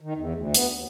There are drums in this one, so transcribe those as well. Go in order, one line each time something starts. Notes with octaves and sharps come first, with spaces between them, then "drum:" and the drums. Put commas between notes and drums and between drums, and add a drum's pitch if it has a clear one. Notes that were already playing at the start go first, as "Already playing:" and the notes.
D#3
E2
D2
B3, drum: hi-hat
D#2